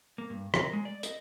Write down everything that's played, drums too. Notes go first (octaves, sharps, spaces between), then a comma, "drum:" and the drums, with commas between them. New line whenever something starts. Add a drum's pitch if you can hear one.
A#3
G2
A#4, drum: rim click
G#3
D5
D#5, drum: hi-hat